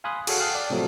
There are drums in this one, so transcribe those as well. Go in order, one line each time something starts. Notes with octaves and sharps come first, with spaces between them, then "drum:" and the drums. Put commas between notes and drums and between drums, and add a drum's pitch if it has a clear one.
F5 G#5 B5 C6 D#6 F#6
F#4 G#4 A4 C#5 F5 F#5, drum: cymbal
F5 G5 A5 D#6 F#6
D5
A2 C3 F3 F#3 A3